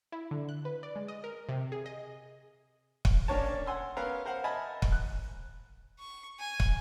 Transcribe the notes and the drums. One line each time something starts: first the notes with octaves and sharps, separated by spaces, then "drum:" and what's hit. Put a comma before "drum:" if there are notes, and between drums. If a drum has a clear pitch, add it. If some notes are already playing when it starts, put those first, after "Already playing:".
E4
D3
F#6
B4
D5
G#3
D#5
A#4
C3
G#4
D#5
drum: kick
A#3 C#4 D4 C#5 A5
F#5 G#5 C6 E6
B3 C#4 A#4 F5
A#4 C5 F5 F#5
A#4 D#5 E5 G#5 A5 B5
drum: kick
F#6
C#6
G#5
drum: kick